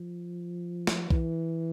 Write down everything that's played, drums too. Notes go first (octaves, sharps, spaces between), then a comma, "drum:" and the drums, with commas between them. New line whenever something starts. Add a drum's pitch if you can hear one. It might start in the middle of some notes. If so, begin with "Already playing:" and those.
Already playing: F3
drum: snare
E3, drum: kick